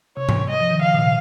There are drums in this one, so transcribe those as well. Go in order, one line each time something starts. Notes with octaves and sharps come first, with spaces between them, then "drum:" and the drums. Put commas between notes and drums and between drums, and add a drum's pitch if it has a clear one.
C3 C#5
drum: tom G#2
D#5
F3
D#3
C#3 F5
A#2
C3